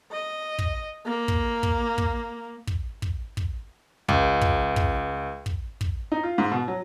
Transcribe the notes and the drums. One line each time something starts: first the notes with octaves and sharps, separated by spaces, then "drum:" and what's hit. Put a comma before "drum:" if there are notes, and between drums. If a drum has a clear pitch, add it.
D#5
drum: kick
A#3
drum: kick
drum: kick
drum: kick
drum: kick
drum: kick
drum: kick
C#2, drum: kick
drum: kick
drum: kick
drum: kick
drum: kick
D#4
F4
G#2
B2
F#3